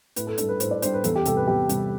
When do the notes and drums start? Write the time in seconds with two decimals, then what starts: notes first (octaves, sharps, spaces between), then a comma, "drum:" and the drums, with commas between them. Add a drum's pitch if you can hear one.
0.16 A2 B4, drum: hi-hat
0.27 A4
0.38 G3 D4 A4, drum: hi-hat
0.49 B4
0.60 A2 C5, drum: hi-hat
0.71 D5
0.82 G3 D4 C5, drum: hi-hat
0.94 B4
1.04 E2 A4, drum: hi-hat
1.16 G4
1.25 C3 G3 A4, drum: hi-hat
1.37 B4
1.48 E2 G4
1.69 C3 G3, drum: hi-hat